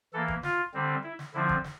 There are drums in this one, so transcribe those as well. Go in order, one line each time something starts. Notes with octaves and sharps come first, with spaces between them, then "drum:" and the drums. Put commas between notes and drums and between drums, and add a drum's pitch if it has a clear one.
E3 A#3 A4
drum: kick
F4, drum: snare
D3 G3 C4
E4
drum: snare
D3 F3 C4 E4
drum: kick
drum: snare